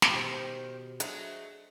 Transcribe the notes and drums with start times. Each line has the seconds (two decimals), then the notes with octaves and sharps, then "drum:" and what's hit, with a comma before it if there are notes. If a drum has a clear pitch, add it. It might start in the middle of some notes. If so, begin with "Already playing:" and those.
0.02 drum: snare
0.14 B2 D#3 G4 C5
1.00 F#3 A3 C4 D4 G#4 D#5, drum: hi-hat